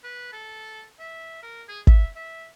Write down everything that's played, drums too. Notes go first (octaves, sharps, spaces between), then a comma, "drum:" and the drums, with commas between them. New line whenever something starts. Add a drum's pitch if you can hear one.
B4
A4
E5
A#4
G#4
E5, drum: kick
E5